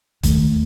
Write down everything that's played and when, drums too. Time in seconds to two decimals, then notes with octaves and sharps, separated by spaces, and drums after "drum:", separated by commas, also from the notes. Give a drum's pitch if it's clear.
0.23 D#2 D#3 A3, drum: kick, hi-hat